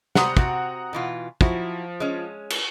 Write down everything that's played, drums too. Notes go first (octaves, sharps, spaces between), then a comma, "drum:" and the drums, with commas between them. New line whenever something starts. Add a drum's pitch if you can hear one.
C3 G3 C5 F#5 A#5 D#6, drum: snare
C3 C4 F#4, drum: kick
B2 E3 F4
F3 F#3 E4 F#4, drum: kick
G#3 C#4
drum: cymbal